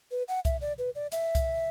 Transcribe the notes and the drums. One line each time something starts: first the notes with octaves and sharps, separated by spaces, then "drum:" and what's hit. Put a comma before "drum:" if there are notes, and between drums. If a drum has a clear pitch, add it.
B4
F#5
E5, drum: kick C2, hi-hat
D5
B4
D5
E5, drum: hi-hat
drum: kick C2, hi-hat